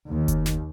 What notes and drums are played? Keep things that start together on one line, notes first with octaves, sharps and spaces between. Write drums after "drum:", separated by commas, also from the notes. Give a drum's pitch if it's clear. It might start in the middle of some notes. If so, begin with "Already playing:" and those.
D#2
drum: kick F#1, hi-hat
drum: snare